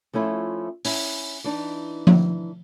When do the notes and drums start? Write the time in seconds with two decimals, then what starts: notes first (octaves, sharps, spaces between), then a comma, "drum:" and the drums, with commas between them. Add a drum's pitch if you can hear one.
0.13 F3 A3 C#4 E4 F4
0.85 C#4 E4, drum: open hi-hat
1.44 E3 D4 D#4
2.07 drum: tom F3